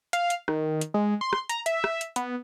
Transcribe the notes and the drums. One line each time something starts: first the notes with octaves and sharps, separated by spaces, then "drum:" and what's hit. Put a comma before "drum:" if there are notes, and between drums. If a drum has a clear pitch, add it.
F5, drum: hi-hat
drum: hi-hat
D#3, drum: rim click
drum: hi-hat
G#3
C6
drum: rim click
A#5, drum: hi-hat
E5, drum: hi-hat
drum: rim click
drum: hi-hat
B3, drum: hi-hat